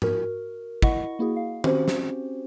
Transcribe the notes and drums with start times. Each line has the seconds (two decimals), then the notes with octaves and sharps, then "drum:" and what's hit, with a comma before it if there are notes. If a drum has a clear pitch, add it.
0.02 F#4 A#4, drum: tom G#2
0.82 E4 D#5 F#5 C#6, drum: kick
1.19 A#3 E4 F#4 G#4
1.37 F5
1.64 C4 C#4 F#4 G4 C5, drum: tom
1.88 drum: snare